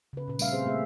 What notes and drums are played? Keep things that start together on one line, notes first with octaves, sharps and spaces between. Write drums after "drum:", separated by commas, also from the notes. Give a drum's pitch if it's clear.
C#3 B4
A#2 B4
G3 A3 C#4 E5 F5, drum: tambourine
C4 G#4 C5
A3 A#3 G#4 E5